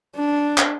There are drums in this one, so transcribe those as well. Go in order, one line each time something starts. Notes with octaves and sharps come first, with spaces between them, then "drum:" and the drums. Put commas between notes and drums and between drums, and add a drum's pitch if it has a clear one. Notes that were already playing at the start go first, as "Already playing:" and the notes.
D4
drum: clap